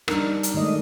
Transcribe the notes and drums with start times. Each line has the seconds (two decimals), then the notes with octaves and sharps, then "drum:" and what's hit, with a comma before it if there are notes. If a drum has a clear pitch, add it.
0.08 G3 D4 D#4 A#4, drum: rim click
0.43 drum: hi-hat
0.54 D#3 G#3 A3 D#5